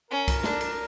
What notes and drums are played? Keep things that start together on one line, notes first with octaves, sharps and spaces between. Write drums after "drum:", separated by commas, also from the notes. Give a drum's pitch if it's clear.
C#4 A#4
drum: kick C2, cymbal
D4, drum: snare
drum: cymbal